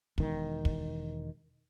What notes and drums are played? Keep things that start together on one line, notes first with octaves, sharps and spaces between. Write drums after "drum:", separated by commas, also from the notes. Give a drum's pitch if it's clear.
E1 D#3, drum: kick
drum: kick